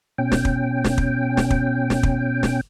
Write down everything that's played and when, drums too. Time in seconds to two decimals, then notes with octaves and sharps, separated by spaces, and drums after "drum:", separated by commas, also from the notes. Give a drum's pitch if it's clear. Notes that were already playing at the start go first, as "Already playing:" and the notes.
0.18 B2 C#4 G5
0.32 drum: snare
0.45 drum: kick
0.84 drum: snare
0.98 drum: kick
1.37 drum: snare
1.50 drum: kick
1.90 drum: snare
2.03 drum: kick
2.43 drum: snare